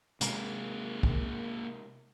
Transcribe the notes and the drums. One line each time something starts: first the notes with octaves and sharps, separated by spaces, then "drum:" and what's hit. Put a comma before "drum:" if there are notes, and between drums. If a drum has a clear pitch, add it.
C3 G#3 A#3 G#4, drum: hi-hat
drum: kick